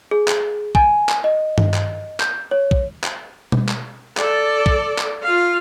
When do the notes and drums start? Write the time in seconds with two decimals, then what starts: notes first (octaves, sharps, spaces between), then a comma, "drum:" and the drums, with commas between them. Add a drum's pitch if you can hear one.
0.11 G#4
0.28 drum: clap
0.75 G#5, drum: kick
1.09 drum: clap
1.24 D#5
1.58 drum: tom G2
1.74 drum: clap
2.20 G6, drum: clap
2.51 C#5
2.71 drum: kick
3.04 drum: clap
3.52 drum: tom B2
3.69 drum: clap
4.17 A4 D5, drum: clap
4.66 drum: kick
4.98 drum: clap
5.23 F4 F5